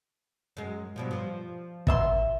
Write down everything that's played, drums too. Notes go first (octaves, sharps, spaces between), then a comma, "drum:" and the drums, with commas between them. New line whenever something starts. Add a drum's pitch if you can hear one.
F#2 G#3
G2 B2 F3
F3
B2 E5 C6, drum: kick